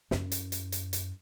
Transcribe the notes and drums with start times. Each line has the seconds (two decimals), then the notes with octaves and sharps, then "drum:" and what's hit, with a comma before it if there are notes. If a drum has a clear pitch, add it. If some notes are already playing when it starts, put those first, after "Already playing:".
0.11 F#2 E4, drum: snare
0.32 drum: hi-hat
0.52 drum: hi-hat
0.72 drum: hi-hat
0.93 drum: hi-hat